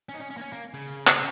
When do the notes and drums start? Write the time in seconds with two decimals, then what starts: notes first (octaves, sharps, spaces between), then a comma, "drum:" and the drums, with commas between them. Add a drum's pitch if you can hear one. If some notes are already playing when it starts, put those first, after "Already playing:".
0.09 C#4
0.14 D#4
0.20 C#4
0.30 C#4
0.37 A#3
0.41 C#4
0.53 A#3
0.74 C#3
1.07 C#3, drum: clap